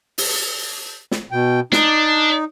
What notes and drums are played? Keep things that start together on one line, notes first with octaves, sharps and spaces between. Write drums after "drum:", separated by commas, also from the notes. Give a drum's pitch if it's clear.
drum: open hi-hat
drum: snare
B2 G5
D4 D#4, drum: snare